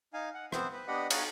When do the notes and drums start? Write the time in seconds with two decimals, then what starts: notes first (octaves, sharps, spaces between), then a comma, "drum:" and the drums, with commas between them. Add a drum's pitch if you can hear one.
0.14 D#4 F5 G#5
0.34 F#5
0.52 B3 C4 C5, drum: rim click
0.73 B4
0.88 B3 D4 G4 D#5 F#5 B5
1.10 C#5 F5 F#5 G#5 A#5 D#6, drum: cymbal